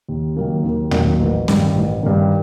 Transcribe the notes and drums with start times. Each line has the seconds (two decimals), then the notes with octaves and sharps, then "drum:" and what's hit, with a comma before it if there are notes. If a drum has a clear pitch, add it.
0.08 D#2
0.36 D#3 F#3 A#3
0.64 D#2
0.91 D#3 F#3 A#3, drum: tom
1.20 A1
1.48 G2 D#3, drum: snare
1.75 A1
2.03 G2 D#3